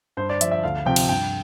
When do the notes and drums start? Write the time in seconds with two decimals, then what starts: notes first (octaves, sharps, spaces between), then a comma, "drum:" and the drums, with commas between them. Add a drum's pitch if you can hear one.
0.17 G2 C5
0.30 D5
0.41 F3 E5, drum: hi-hat
0.51 E5
0.63 D2 F5
0.86 C3 F3 G5
0.96 drum: cymbal
1.09 G2 G5